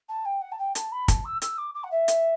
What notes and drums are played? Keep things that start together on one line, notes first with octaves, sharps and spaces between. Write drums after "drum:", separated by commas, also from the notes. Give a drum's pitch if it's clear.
A5
G5
F#5
A5
G5
A5, drum: hi-hat
B5
A5, drum: kick, hi-hat
E6
E6, drum: hi-hat
D6
D6
F#5
E5
drum: hi-hat